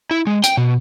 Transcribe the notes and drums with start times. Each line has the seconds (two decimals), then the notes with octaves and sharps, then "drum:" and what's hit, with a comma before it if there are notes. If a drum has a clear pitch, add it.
0.11 E4
0.27 G#3
0.44 G5, drum: hi-hat
0.57 B2